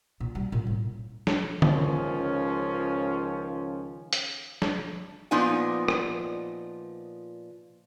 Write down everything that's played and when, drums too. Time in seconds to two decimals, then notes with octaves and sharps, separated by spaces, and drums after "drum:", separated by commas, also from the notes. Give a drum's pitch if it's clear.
0.20 A#2
0.35 G3
0.52 A#2
0.67 A2
1.27 drum: snare
1.62 C#2 D#3 F3 C#4, drum: tom D3
4.13 drum: hi-hat
4.62 drum: snare
5.31 A#2 F3 B3 D#4 D5 G#5
5.88 drum: rim click